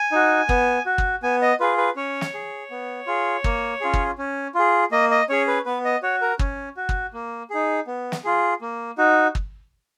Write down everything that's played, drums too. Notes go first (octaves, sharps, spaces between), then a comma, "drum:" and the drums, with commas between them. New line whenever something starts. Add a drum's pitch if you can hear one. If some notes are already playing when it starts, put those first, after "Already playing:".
Already playing: G#5
D#4 F#4
B3, drum: kick
F#4
drum: kick
B3 G#5
D#5
F4 G#4 B4
B4
C#4 C#5
drum: snare
G#4
B3
F4 G#4
A#3, drum: kick
C#4 F4 G#4
drum: kick
C#4
F4 G#4
A#3 D#5
D#5
C#4 G#4 C#5
B4
B3 B4
D#5
F#4 C#5
A#4
C#4, drum: kick
F#4
drum: kick
A#3
D#4 G#4
B3
drum: snare
F4 G#4
A#3
D#4 F#4
drum: kick